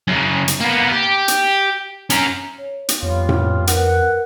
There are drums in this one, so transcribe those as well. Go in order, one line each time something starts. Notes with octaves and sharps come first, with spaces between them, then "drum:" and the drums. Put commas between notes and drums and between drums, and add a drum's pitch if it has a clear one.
F#2 C#3
drum: hi-hat
A#3 B3
G4
drum: hi-hat
C#4 A#4, drum: hi-hat
C#5
drum: hi-hat
F2 G3 B3 F4 C#5
drum: tom A2
A#4 B4 F#5, drum: hi-hat